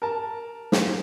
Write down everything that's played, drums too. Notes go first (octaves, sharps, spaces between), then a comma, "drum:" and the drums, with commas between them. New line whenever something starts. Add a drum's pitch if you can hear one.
A#4 A5
drum: snare